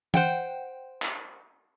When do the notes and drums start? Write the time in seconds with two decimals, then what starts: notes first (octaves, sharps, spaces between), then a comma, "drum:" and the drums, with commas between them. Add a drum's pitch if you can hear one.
0.14 C5 F#5 G5, drum: tom
1.02 drum: clap